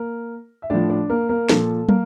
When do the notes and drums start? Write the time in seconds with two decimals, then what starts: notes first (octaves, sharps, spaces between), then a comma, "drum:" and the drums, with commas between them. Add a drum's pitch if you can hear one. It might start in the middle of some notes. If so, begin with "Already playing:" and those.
Already playing: A#3 A#4
0.62 E5
0.70 A2 F3 D4 D5
0.90 D4 D5
1.09 A#3 A#4
1.29 A#3 A#4
1.49 A#2 F3 A4, drum: snare
1.89 A#3 A#4, drum: tom